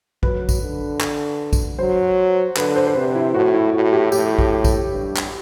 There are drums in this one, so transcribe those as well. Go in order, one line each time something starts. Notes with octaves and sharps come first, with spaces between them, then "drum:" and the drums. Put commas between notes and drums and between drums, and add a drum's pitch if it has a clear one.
F#3 B4, drum: kick A#1
drum: kick A#1, tambourine
D3
drum: clap
drum: kick A#1, tambourine
F#3 C5
D3 B4, drum: clap
C5
C5
C3 B4
E4
A2 F#4
E4
A2 F#4
G4
A2 G4, drum: tambourine
drum: kick A#1
drum: kick A#1, tambourine
G2
drum: clap